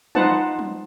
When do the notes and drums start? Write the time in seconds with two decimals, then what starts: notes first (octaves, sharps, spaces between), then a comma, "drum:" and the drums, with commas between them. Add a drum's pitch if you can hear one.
0.15 D#4 F4 B4 C5 F#5 A5, drum: tom
0.59 drum: tom